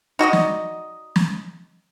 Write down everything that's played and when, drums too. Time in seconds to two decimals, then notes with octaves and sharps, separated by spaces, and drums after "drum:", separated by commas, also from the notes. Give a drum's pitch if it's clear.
0.19 D#4 F#4 D5 D#5
0.33 drum: snare
1.16 drum: snare